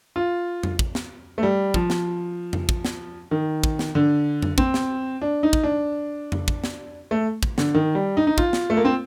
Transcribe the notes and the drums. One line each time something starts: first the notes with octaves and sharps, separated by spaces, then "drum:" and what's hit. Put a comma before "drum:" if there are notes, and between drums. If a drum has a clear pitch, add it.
F4
drum: tom F2
drum: kick
drum: snare
A3
G3
F3, drum: kick
drum: snare
drum: tom F2
drum: kick
drum: snare
D#3
drum: kick
drum: snare
D3
drum: tom F2
C4, drum: kick
drum: snare
D4
D#4
drum: kick
D4
drum: tom F2
drum: kick
drum: snare
A3
drum: kick
D3, drum: snare
D#3
G3
D#4
D#4
F4, drum: kick
drum: snare
A3
A#3
C4